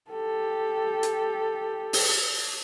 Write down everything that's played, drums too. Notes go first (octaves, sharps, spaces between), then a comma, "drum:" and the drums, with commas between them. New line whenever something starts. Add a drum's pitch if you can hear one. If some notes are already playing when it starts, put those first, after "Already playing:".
G4 A4
drum: hi-hat
drum: open hi-hat